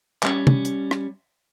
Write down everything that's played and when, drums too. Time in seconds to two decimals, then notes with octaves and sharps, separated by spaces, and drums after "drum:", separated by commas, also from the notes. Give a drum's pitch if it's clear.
0.23 G3 C#4, drum: clap
0.47 drum: tom
0.65 drum: hi-hat
0.91 drum: rim click